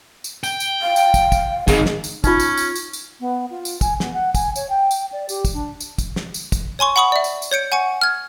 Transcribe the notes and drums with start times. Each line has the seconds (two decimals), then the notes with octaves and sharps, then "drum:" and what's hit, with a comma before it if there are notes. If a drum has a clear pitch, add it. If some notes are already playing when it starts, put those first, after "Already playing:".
0.24 drum: tambourine
0.43 G5, drum: tambourine
0.60 drum: tambourine
0.82 F5
0.96 drum: tambourine
1.14 drum: kick, tambourine
1.32 drum: kick, tambourine
1.68 G#2 D#3 G#4, drum: kick, tambourine
1.86 drum: snare
2.04 drum: tambourine
2.24 C#4 D#4 F4, drum: kick, tambourine
2.40 drum: tambourine
2.57 drum: tambourine
2.75 drum: tambourine
2.93 drum: tambourine
3.20 B3
3.50 F4
3.65 drum: tambourine
3.81 G#5, drum: kick, tambourine
4.00 B3, drum: snare
4.13 F#5
4.35 G#5, drum: kick, tambourine
4.56 C#5, drum: tambourine
4.69 G5
4.91 drum: tambourine
5.12 D5
5.29 G4, drum: tambourine
5.45 drum: kick, tambourine
5.54 D4
5.80 drum: tambourine
5.98 drum: kick, tambourine
6.16 drum: snare
6.34 drum: tambourine
6.52 drum: kick, tambourine
6.79 C#5 G#5 C6 C#6
6.96 F#5 B5 C#6 D#6 F#7
7.12 D5 E5
7.24 drum: tambourine
7.42 drum: tambourine
7.51 C#5 G6 C#7 D7
7.72 F#5 G#5 C#6 C#7
8.01 F6 G#6